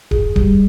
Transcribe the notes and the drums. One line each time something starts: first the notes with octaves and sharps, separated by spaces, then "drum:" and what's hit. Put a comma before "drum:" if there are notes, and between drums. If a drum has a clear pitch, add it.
G#4, drum: kick D1
G3, drum: kick D1